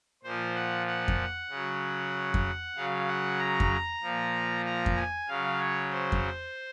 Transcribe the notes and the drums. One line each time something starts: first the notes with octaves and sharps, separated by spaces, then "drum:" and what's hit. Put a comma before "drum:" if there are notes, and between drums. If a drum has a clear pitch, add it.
A#2 F3 C5
F#5
F#5
drum: kick F2
C#3 F#3
drum: kick F2
C#3 F#3 F5
F#5
A#5
drum: kick F2
A#2 F3
A#5
drum: kick F2
G#5
C#3 F#3 F5
C#5
C5
drum: kick F2